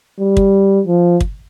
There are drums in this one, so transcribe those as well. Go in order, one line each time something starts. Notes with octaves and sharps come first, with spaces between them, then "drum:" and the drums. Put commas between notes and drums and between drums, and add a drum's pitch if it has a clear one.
G3
drum: kick
F3
drum: kick